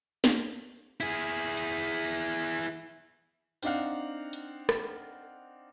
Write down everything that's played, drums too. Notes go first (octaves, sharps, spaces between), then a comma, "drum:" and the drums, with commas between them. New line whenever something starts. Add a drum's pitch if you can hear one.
drum: snare
E4 G#4, drum: hi-hat
drum: hi-hat
C4 D4 D#4 F5 F#5, drum: open hi-hat
drum: hi-hat
drum: rim click